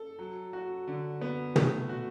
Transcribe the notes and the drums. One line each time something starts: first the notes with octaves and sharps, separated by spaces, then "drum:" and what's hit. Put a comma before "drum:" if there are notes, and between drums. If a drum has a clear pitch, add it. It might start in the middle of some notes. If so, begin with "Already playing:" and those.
Already playing: A4
F#3
F#4
D3
B3
A3, drum: tom
F#4